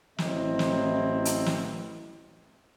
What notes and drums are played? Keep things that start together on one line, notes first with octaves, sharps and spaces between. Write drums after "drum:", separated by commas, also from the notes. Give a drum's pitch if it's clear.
A1 A2 F#3 C4 E4 D#5, drum: snare
drum: snare
drum: hi-hat
drum: snare